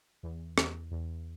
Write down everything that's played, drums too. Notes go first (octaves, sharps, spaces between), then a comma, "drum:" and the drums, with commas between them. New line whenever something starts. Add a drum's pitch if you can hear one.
E2
E2, drum: rim click
E2